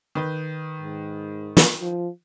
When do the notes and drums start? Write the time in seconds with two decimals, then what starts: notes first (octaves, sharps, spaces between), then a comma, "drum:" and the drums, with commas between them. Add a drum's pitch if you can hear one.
0.15 D#3 B4 G6
0.81 G#2
1.57 drum: snare
1.81 F3